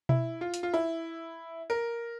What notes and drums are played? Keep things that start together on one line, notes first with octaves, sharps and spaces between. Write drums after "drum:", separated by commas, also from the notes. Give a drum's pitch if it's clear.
E4, drum: tom B2
F4
drum: hi-hat
F4
E4
A#4